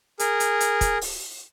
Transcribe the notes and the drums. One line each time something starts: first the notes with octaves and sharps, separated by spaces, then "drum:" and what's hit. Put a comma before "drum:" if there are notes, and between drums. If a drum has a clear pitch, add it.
G#4 A#4, drum: hi-hat
drum: hi-hat
drum: hi-hat
drum: kick, hi-hat
drum: open hi-hat